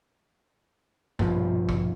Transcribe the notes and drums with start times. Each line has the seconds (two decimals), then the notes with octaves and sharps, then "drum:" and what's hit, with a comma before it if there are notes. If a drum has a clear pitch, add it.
1.19 A#1 G2 B2 F3, drum: kick
1.69 drum: kick